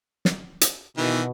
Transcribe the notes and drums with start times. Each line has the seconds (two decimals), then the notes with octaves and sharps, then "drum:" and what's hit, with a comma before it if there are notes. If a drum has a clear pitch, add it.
0.25 drum: snare
0.61 drum: hi-hat
0.98 B2 D#3 E3